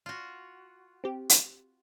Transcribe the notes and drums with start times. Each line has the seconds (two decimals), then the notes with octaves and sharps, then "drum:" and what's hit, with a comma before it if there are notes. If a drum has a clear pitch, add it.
0.06 F4 F#4
1.04 C4 G4
1.29 drum: hi-hat